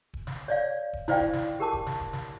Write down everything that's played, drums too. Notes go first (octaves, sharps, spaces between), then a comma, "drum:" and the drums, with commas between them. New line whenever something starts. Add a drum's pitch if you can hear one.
drum: kick D#1
drum: snare
C#5 D5 F5
drum: kick D#1
E4 C5 D5 F5 G5, drum: snare
drum: kick D#1
drum: snare
G4 A#4 A5 D6
drum: kick D#1
drum: snare
drum: kick D#1
drum: snare